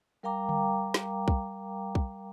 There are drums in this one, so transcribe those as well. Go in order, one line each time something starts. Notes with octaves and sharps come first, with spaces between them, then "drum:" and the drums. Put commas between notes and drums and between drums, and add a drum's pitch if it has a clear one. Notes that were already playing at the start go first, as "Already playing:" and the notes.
G3 A#4 F5 G5 A#5 D6
drum: tom D3
drum: snare
drum: kick
drum: kick